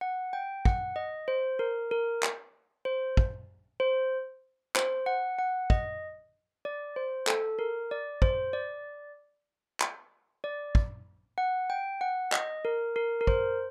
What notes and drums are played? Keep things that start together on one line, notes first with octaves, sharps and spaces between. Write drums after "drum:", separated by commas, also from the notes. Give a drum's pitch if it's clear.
F#5
G5
F#5, drum: kick
D#5
C5
A#4
A#4
drum: clap
C5
drum: kick
C5
C5, drum: clap
F#5
F#5
D#5, drum: kick
D5
C5
A4, drum: clap
A#4
D5
C5, drum: kick
D5
drum: clap
D5
drum: kick
F#5
G5
F#5
D#5, drum: clap
A#4
A#4
A#4
C5, drum: kick